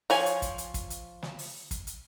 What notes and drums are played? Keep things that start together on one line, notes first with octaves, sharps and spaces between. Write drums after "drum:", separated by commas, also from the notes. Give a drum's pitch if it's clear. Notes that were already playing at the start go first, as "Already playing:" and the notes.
F3 C#5 G#5, drum: open hi-hat
drum: hi-hat
drum: kick, hi-hat
drum: hi-hat
drum: kick, hi-hat
drum: hi-hat
drum: snare
drum: open hi-hat
drum: kick, hi-hat
drum: hi-hat